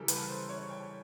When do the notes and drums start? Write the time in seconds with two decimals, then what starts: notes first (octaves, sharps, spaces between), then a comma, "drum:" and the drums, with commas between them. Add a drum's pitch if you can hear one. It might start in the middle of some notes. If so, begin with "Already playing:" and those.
Already playing: C#3 E3 G3 A4 A#4
0.08 B4, drum: hi-hat
0.29 C5
0.49 C#5
0.70 G5